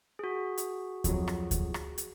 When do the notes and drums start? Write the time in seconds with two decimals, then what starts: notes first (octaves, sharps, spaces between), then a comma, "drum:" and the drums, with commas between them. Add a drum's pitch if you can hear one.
0.19 F#4 G#4
0.58 drum: hi-hat
1.04 F2 F#3, drum: kick D2, hi-hat
1.28 drum: rim click
1.51 drum: kick D2, hi-hat
1.74 drum: rim click
1.98 drum: hi-hat